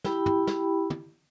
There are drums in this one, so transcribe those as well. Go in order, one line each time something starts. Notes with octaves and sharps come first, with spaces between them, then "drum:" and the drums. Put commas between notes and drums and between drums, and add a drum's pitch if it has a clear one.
E4 G4 G5 B5, drum: snare
drum: tom
drum: snare
drum: tom